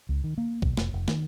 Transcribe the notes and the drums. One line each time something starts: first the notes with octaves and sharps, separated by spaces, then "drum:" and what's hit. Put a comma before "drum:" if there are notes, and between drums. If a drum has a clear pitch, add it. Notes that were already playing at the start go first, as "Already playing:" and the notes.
C#2
D#3
A#3
B1, drum: kick
F1, drum: snare
F1
D#3, drum: snare